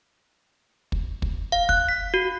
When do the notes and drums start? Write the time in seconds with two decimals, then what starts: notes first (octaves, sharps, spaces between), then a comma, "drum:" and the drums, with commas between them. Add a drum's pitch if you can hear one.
0.92 drum: kick
1.22 drum: kick
1.52 F5
1.69 F#6, drum: kick
1.89 B6
2.14 F#4